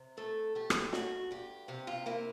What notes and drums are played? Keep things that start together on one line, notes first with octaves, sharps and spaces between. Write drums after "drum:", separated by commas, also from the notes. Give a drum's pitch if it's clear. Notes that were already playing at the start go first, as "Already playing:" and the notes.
Already playing: C3
A3 A4
A3 G4
drum: rim click
G2 F#4, drum: snare
G2 G4
C3 G4
F4
A#3 E4